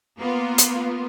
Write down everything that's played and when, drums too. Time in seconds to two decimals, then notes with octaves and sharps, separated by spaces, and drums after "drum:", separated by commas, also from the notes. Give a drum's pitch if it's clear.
0.18 A#3 B3 F4
0.58 drum: hi-hat